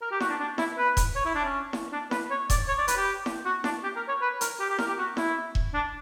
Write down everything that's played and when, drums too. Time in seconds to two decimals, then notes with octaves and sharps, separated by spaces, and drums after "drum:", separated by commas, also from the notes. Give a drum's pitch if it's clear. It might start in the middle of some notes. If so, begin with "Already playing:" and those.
0.02 A#4
0.11 G4
0.20 F#4, drum: snare E4
0.30 D4
0.40 D4
0.58 E4, drum: snare E4
0.78 B4
0.97 drum: kick E1, hi-hat
1.16 C#5
1.25 E4
1.35 D4
1.45 C#4
1.73 drum: snare E4
1.92 D4
2.11 B4, drum: snare E4
2.30 C#5
2.50 D5, drum: kick E1, hi-hat
2.68 C#5
2.78 D5
2.88 B4, drum: hi-hat
2.97 G4
3.26 drum: snare E4
3.45 F#4
3.64 D4, drum: snare E4
3.83 G4
3.96 A#4
4.08 C#5
4.22 B4
4.41 A#4, drum: hi-hat
4.60 G4
4.70 G4
4.79 A#4, drum: snare E4
4.88 G4
4.98 F#4
5.17 E4, drum: snare E4
5.55 drum: kick E1
5.74 D4